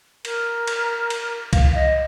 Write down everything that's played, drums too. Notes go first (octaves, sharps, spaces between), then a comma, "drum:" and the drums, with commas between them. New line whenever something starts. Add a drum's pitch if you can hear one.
A#4, drum: cymbal
drum: cymbal
drum: cymbal
F5, drum: kick C2, cymbal
D#5